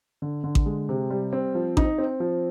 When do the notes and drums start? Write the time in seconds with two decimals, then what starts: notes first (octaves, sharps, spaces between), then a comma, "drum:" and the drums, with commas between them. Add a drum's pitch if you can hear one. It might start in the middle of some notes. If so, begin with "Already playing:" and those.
0.22 D3
0.44 D3
0.55 drum: kick A1
0.66 G#3
0.89 C3
1.10 G3
1.33 C4
1.55 F3
1.77 D#4, drum: kick A1
1.98 C4
2.20 F3